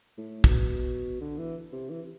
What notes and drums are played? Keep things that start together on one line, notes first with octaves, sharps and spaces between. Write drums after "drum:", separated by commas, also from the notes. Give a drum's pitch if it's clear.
A2
B2, drum: kick
D3
E3
C3
E3